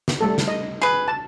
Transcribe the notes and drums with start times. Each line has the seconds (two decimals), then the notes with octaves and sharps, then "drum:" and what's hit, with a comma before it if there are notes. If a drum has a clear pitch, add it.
0.08 drum: snare
0.21 G3 A3 A4
0.38 drum: snare
0.48 D#5
0.82 G#4 B4
1.08 A5